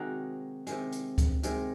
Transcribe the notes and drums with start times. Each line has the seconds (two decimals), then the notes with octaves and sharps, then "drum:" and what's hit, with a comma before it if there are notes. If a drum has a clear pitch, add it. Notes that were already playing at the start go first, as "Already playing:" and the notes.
Already playing: C3 D#3 G#3 D#4 F#4
0.67 C3 D#3 G#3, drum: hi-hat
0.92 drum: hi-hat
1.18 drum: kick C#2, hi-hat
1.43 C3 D#3 G#3, drum: hi-hat